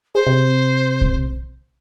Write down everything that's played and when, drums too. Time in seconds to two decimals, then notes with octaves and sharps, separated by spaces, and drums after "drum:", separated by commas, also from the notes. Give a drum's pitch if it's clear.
0.15 G#4 C5
0.27 C3
1.01 drum: kick B1